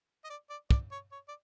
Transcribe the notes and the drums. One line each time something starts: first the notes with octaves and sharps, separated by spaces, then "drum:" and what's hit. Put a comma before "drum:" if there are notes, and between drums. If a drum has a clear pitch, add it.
D#5
D5
D5
D5, drum: kick
C#5
C#5
D5